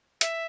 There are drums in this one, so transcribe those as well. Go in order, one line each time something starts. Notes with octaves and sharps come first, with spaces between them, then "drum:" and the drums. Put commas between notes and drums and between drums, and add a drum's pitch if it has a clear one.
E5, drum: hi-hat